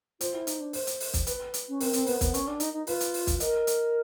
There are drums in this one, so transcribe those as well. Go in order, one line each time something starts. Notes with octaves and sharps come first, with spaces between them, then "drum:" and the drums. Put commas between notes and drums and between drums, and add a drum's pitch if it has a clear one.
F4 C5, drum: hi-hat
E4
D#4, drum: hi-hat
D4
C5, drum: open hi-hat
drum: hi-hat
drum: open hi-hat
drum: kick, hi-hat
B4, drum: hi-hat
drum: hi-hat
C#4
C4 A#4, drum: open hi-hat
C4 C5, drum: hi-hat
B3 B4, drum: open hi-hat
B3, drum: kick, hi-hat
C#4, drum: hi-hat
D4
D#4, drum: hi-hat
D#4
F4 B4, drum: open hi-hat
drum: hi-hat
drum: open hi-hat
drum: kick, hi-hat
A#4 D#5, drum: hi-hat
drum: hi-hat